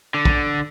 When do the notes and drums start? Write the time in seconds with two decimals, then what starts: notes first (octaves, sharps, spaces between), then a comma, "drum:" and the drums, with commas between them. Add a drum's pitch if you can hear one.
0.14 D3
0.25 drum: kick